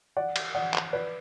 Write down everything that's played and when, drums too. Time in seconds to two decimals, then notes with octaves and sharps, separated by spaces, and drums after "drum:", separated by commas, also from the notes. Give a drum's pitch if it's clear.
0.17 D5 F#5
0.36 drum: cymbal
0.54 D5 F#5
0.74 drum: clap
0.93 B4 D5